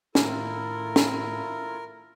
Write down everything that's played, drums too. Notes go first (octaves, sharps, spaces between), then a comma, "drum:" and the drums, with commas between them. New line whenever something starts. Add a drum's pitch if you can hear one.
A2 D#3 E4 F4 A4 A#4, drum: snare
drum: snare